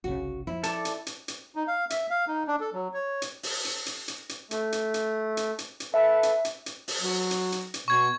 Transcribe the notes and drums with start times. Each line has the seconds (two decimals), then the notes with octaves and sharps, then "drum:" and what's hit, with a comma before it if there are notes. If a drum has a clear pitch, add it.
0.04 G1 C2 C#3 F#4
0.47 F3 E4
0.63 A4 D5, drum: hi-hat
0.85 drum: hi-hat
1.07 drum: hi-hat
1.28 drum: hi-hat
1.56 D#4
1.68 F5
1.90 E5, drum: hi-hat
2.10 F5
2.28 D#4
2.47 D4
2.61 A4
2.73 F#3
2.94 C#5
3.22 drum: hi-hat
3.43 drum: open hi-hat
3.65 drum: hi-hat
3.86 drum: hi-hat
4.08 drum: hi-hat
4.29 drum: hi-hat
4.51 A3, drum: hi-hat
4.72 drum: hi-hat
4.94 drum: hi-hat
5.37 drum: hi-hat
5.59 drum: hi-hat
5.80 drum: hi-hat
5.94 A4 B4 E5
6.23 drum: hi-hat
6.45 drum: hi-hat
6.66 drum: hi-hat
6.88 drum: open hi-hat
7.01 F#3
7.31 drum: hi-hat
7.52 drum: hi-hat
7.74 drum: hi-hat
7.88 B2 C#6 G#6